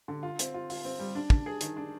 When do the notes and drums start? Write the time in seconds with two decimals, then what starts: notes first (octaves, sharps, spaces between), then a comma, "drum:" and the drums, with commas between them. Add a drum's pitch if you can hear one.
0.08 D3
0.23 F4
0.39 C4, drum: hi-hat
0.54 F4
0.70 F4, drum: open hi-hat
0.85 C4
0.99 G3
1.15 D4
1.30 D4, drum: kick
1.46 G#4
1.61 D#3, drum: hi-hat
1.77 D4